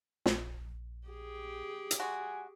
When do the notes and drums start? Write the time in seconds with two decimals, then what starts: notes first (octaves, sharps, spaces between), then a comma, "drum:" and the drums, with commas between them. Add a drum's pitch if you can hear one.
0.26 A#1, drum: snare
1.07 G4 G#4
1.91 drum: hi-hat
2.00 G#3 F#4 G#5